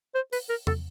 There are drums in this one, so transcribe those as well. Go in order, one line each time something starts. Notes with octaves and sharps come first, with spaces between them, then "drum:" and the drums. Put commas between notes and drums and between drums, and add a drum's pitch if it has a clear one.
C5
B4, drum: open hi-hat
A#4
A4, drum: tom E2